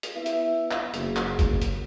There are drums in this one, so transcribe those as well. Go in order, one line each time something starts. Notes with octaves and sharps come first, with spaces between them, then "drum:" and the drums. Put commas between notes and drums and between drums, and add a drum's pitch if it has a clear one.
drum: hi-hat
B3 E4 B4 E5
drum: hi-hat
drum: clap
F#1, drum: hi-hat
drum: clap
drum: kick G1, hi-hat
drum: hi-hat